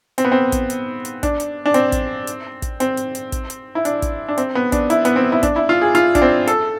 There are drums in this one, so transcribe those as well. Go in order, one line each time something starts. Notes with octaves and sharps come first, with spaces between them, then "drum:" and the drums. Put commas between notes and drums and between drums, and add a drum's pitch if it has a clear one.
C4, drum: hi-hat
B3
C4
drum: kick, hi-hat
drum: hi-hat
drum: hi-hat
D4, drum: kick, hi-hat
drum: hi-hat
D4
C4, drum: hi-hat
drum: kick, hi-hat
drum: hi-hat
drum: kick, hi-hat
C4, drum: hi-hat
drum: hi-hat
drum: hi-hat
drum: kick, hi-hat
drum: hi-hat
E4
D4, drum: hi-hat
drum: kick, hi-hat
D4
C4, drum: hi-hat
B3
D4, drum: kick, hi-hat
E4, drum: hi-hat
B3, drum: hi-hat
C4
E4
D4, drum: kick, hi-hat
E4
F4
G#4
F4, drum: hi-hat
D4, drum: kick, hi-hat
C4
A4, drum: hi-hat